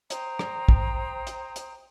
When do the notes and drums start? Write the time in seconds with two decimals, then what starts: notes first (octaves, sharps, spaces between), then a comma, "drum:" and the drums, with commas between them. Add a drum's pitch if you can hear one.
0.10 C5 G5 A#5 D#6, drum: hi-hat
0.39 drum: rim click
0.69 drum: kick
1.27 drum: hi-hat
1.56 drum: hi-hat